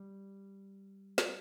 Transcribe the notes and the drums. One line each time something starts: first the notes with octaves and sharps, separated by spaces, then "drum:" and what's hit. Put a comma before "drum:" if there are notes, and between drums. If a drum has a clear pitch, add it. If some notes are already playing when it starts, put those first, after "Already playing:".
Already playing: G3
drum: snare